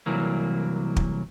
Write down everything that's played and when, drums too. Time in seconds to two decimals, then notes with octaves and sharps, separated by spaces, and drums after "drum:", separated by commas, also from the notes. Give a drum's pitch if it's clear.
0.06 C2 E3 F#3 A#3
0.96 drum: kick